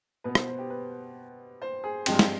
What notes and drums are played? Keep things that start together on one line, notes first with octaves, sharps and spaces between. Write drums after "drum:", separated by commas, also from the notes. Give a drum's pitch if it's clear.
B2 B3 B4
C5, drum: rim click
C5
G4
B4
C5
G#4
G2 F3 G#3 C4 G4, drum: cymbal
drum: snare